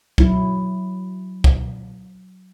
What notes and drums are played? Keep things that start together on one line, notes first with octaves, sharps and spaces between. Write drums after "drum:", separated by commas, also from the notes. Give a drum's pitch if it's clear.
F#3 E4, drum: kick
drum: kick